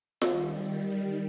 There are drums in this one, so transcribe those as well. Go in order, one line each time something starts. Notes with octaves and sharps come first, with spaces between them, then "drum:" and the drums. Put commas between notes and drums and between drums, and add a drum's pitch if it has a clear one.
D#3 G3, drum: snare F4